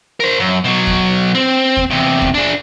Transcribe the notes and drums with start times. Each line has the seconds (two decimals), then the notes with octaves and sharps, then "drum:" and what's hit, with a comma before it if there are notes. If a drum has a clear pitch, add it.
0.20 A#4 C5
0.40 F#2
0.64 B2 F#3
0.87 drum: kick D#2
1.35 C4
1.77 drum: kick D#2
1.90 E2 C3
2.22 drum: kick D#2
2.34 D4 G#4